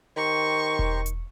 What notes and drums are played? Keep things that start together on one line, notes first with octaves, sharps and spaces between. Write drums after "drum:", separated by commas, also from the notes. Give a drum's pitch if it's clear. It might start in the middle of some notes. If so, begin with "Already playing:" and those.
D#3 G4 C5 A#5 C#6
drum: kick E1
drum: hi-hat